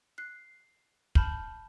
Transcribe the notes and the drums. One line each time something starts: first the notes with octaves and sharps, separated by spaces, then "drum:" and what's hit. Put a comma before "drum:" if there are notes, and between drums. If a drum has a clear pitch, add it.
F#6 C7
A5 B5 F6 G6, drum: kick